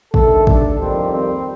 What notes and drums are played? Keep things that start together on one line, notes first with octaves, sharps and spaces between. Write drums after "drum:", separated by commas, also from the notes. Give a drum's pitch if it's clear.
G2 D#3 A3 A4, drum: kick
D4, drum: kick
F2 D#3 G3 A#3 C4
C4